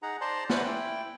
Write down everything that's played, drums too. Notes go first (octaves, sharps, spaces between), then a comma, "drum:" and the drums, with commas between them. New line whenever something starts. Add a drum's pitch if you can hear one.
D#4 G#4 F#5 A#5
C5 D5 A5 A#5 C6
C#4 E4 B4 C5 D5 F#5, drum: snare
E4 G5